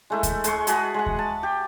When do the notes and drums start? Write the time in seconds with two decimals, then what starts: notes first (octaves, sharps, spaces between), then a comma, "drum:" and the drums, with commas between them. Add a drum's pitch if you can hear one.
0.10 G#3 A3 E4
0.23 drum: kick D#2, hi-hat
0.44 G#3 C6 C#6, drum: hi-hat
0.67 F#4 G#4 A5 B5, drum: hi-hat
0.94 G#3 F#5
1.06 drum: kick D#2
1.19 A5
1.43 G4